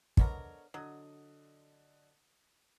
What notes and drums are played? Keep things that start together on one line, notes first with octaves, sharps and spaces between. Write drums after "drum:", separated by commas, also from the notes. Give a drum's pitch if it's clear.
D3 B3 A#4 C#5 D#5, drum: kick
D3 F#3 D#5 D#6